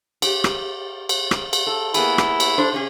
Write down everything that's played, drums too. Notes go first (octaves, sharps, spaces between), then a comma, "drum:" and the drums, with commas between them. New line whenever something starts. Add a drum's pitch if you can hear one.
G4, drum: cymbal
drum: rim click
drum: cymbal
drum: rim click
drum: cymbal
A4
A#3 B3 E4 G#4, drum: cymbal
drum: rim click
drum: cymbal
D4 A4 C5
C3 C#4 G#4